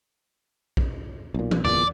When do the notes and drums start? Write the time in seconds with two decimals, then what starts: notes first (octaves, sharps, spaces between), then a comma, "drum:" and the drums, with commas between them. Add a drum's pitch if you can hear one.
0.77 drum: kick A#1
1.34 B1 A#2
1.51 drum: tom
1.65 D1 E2 A#2 D5, drum: tom